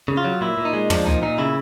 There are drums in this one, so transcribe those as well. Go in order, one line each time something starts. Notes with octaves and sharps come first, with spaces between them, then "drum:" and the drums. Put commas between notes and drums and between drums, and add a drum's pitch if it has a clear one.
C#3
F4
F#3
A#2 E4
A#2
D#4
G#3
F3 D4, drum: tom
A#2 D#4
A#2 D#4
C#3 E4